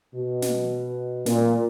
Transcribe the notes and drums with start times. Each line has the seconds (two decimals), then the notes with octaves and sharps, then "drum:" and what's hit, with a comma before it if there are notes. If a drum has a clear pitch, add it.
0.14 B2
0.42 drum: snare
1.26 A#2, drum: snare